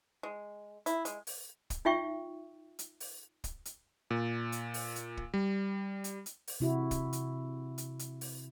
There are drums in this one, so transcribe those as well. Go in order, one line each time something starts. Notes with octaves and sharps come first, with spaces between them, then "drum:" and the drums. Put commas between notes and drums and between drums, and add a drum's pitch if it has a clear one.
G#3
E4, drum: hi-hat
G#3, drum: hi-hat
drum: open hi-hat
drum: kick, hi-hat
D#4 F4 E5 G5 C#6
drum: hi-hat
drum: open hi-hat
drum: kick, hi-hat
drum: hi-hat
A#2
drum: hi-hat
drum: open hi-hat
drum: hi-hat
drum: kick
G3
drum: hi-hat
drum: hi-hat
drum: open hi-hat
C3 E4 F#4
drum: kick, hi-hat
drum: hi-hat
drum: hi-hat
drum: hi-hat
drum: open hi-hat